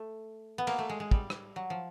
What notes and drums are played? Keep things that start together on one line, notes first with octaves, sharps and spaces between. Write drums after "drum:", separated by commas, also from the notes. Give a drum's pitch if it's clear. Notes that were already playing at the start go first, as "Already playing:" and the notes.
Already playing: A3
B3
A#3, drum: cymbal
A3
G#3
G#3
G3, drum: kick
drum: rim click
F#3
F3